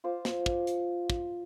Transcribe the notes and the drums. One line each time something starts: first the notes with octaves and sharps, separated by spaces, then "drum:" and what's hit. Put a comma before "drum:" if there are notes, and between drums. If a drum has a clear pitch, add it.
F4 C5 D6
drum: snare
drum: kick
drum: hi-hat
drum: kick